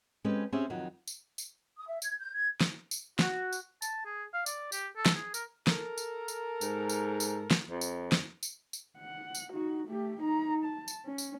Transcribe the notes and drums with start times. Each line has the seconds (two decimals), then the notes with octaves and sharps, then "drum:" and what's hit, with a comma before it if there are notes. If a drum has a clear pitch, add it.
0.24 G#3 C4 C#4 G4 A4 B4
0.52 C4 C#4 G4 G#4 C#5 E5
0.70 F2 D#3 F#3
1.08 drum: tambourine
1.38 drum: tambourine
1.77 D#6
1.88 E5
2.02 G#6, drum: tambourine
2.19 G6
2.34 G#6
2.61 drum: snare
2.91 drum: tambourine
3.19 F#4, drum: snare
3.53 drum: tambourine
3.82 A5, drum: tambourine
4.06 G#4
4.34 F5
4.46 D5, drum: tambourine
4.72 G4, drum: tambourine
4.97 A4
5.06 drum: snare
5.15 G#4
5.34 A#4, drum: tambourine
5.67 A4 A#4, drum: snare
5.98 drum: tambourine
6.28 drum: tambourine
6.61 G#2, drum: tambourine
6.90 drum: tambourine
7.20 drum: tambourine
7.51 drum: snare
7.70 F2
7.81 drum: tambourine
8.12 drum: snare
8.43 drum: tambourine
8.73 drum: tambourine
8.99 F#5
9.35 drum: tambourine
9.53 D#4 F#4
9.88 A3 G4
10.21 D#4 A#5
10.65 A5
10.88 drum: tambourine
11.06 C#4
11.18 drum: tambourine